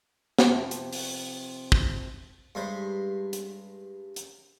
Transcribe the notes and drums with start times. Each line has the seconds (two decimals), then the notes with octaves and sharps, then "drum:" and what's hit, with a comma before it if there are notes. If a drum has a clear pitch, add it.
0.39 drum: snare
0.49 C3 F3
0.71 drum: hi-hat
0.92 drum: open hi-hat
1.72 drum: kick
2.55 G2 G#3 C5
3.33 drum: hi-hat
4.16 drum: hi-hat